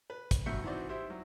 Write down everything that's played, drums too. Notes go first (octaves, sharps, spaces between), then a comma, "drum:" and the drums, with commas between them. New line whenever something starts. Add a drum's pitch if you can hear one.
B4
drum: kick, hi-hat
G2 F#3 E5 G6 C#7
E3 C4 D#4 F#4 D5
E4 G4 C5
F#3